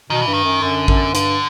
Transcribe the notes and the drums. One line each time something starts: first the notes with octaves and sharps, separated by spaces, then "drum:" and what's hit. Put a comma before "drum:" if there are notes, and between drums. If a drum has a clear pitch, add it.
B2 D#3
E3
G2
D#3
F#2
F#2 D3
F#2, drum: kick A1
G2 D3, drum: hi-hat